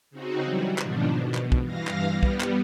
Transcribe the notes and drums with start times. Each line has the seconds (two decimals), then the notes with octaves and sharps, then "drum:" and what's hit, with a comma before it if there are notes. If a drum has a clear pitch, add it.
0.11 C#3 C4 D#4 F#4
0.44 E3 F#3 G3
0.78 G#2 B2 D#3 F3 D4, drum: clap
1.09 B2
1.34 drum: clap
1.52 drum: kick
1.62 G2 E3 F5 A#6
1.87 drum: clap
2.05 G3 B3
2.23 drum: kick
2.40 drum: clap